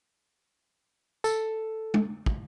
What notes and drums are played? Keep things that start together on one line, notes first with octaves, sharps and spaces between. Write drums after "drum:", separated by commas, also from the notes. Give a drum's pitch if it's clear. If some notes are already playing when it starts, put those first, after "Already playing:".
A4, drum: tambourine
drum: tom G#3
drum: kick